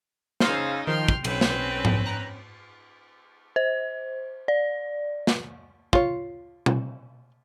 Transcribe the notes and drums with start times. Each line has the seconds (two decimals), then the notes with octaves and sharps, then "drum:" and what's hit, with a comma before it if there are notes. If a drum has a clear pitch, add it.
0.40 C#3 D#4 C5 F5 E6, drum: snare
0.87 D#3 F3 G5 C6 F6
1.08 drum: kick
1.24 B1 C4 C#4 B4, drum: cymbal
1.41 drum: snare
1.85 drum: tom G#2
2.06 A#5 F#6
3.56 C5
4.48 D5
5.27 drum: snare
5.93 F4 C#5, drum: kick
6.66 drum: tom B2